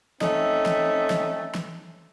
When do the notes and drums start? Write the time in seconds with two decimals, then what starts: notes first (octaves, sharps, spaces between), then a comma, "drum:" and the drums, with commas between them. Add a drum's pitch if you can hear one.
0.21 A3 C4 C#4 D#4 E5, drum: snare
0.66 drum: snare
1.10 drum: snare
1.55 drum: snare